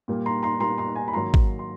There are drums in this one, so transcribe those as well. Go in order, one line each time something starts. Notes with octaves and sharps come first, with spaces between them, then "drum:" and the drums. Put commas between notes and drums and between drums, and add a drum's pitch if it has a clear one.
A#2 G3 A#3
A#5 C6
A#5 C6
A#2 G3 A#3 A#5 C6
A#5 C6
G#5 A#5
B5
G#2 D#3 F#3 A#3 A#5 C6
drum: kick
C6